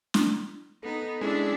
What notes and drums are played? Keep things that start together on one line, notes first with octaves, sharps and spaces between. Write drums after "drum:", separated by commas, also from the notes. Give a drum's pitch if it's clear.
drum: snare
B3 D#4 A4
G#3 C#4 D4 E4 E5